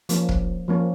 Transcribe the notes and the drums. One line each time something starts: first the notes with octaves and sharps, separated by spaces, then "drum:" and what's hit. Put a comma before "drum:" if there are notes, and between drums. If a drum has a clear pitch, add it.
F3 A#3 C#4, drum: hi-hat
drum: kick
F3 A#3 C#4